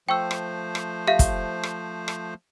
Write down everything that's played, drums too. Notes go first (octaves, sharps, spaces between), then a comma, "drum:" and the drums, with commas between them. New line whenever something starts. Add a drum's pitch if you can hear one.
F3 A3 C5 G5 C#6 E6
drum: rim click
drum: rim click
G4 E5 F5
drum: kick, hi-hat
drum: rim click
drum: rim click